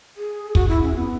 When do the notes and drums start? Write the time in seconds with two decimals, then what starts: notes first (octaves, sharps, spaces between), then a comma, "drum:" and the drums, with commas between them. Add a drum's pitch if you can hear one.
0.17 G#4
0.55 F#4, drum: kick
0.68 E4
0.82 C#4
0.94 B3